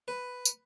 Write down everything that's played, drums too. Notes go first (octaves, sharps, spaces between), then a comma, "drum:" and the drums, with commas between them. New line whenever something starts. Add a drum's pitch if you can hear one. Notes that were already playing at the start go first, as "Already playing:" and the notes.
B4
drum: tambourine